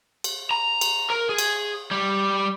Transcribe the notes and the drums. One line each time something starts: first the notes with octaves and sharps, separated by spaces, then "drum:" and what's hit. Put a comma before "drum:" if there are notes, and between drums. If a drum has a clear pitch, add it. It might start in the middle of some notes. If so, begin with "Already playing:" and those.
drum: cymbal
A#5
drum: cymbal
A#4
G#4
drum: cymbal
G3